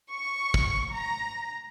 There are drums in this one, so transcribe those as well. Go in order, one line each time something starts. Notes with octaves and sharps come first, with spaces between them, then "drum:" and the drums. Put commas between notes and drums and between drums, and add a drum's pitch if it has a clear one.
C#6
drum: kick
A#5